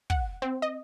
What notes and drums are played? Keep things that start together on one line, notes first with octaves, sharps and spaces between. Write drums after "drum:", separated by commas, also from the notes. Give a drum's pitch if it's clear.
F#5, drum: kick
C4
D#5